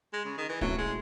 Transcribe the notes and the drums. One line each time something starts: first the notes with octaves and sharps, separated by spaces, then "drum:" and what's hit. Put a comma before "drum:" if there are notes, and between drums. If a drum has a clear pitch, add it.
G#3
C#3
D#3
E3
B2 F#3 A3 C#4 E4, drum: kick
G#3